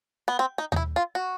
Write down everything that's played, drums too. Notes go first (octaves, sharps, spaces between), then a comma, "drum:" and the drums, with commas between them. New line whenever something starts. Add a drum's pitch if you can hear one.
B3
C4
D#4
D#4, drum: tom D#2
E4
F4
F#4